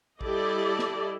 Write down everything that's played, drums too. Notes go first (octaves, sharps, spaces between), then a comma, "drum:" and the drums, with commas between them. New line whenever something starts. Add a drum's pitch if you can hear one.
G3 E4 G4 A4 D5 D#5, drum: kick A1
drum: snare